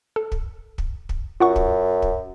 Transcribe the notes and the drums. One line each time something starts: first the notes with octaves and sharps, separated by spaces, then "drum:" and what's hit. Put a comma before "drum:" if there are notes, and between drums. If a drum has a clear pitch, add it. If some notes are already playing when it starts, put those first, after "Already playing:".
A4
drum: kick
drum: kick
drum: kick
F#2 F4 F#5 C#6
drum: kick
drum: kick